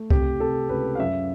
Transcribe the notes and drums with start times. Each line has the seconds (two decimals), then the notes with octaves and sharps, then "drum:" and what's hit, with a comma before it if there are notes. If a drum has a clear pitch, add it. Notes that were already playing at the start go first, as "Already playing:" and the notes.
Already playing: A3
0.10 C3 G4, drum: kick C2
0.40 C3 A4
0.69 C#2 B4
0.95 F5
0.99 F#2 E5